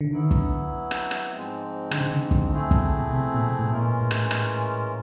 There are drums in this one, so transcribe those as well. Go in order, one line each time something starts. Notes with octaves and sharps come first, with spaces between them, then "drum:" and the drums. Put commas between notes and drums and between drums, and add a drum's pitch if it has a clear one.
D3
D#3 F#3 B3 E4
D3, drum: kick
drum: rim click
drum: rim click
G#2 F3 G#3 C4
D3, drum: rim click
C#3
D3
drum: kick
F3 A3 C4 E4 G#4
drum: kick
B2
C3
A#2
B2
A2
A#2 E3 G#3 C#4 F4 A#4
A2
drum: rim click
drum: rim click